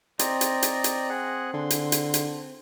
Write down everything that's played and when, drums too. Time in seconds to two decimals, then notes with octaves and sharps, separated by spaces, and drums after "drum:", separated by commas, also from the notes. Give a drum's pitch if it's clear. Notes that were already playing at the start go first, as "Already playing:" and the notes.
0.19 C4 D5 D#5 A#5, drum: hi-hat
0.41 drum: hi-hat
0.63 drum: hi-hat
0.84 drum: hi-hat
1.10 G#4 F#5
1.54 D3 C6
1.70 drum: hi-hat
1.92 drum: hi-hat
2.14 drum: hi-hat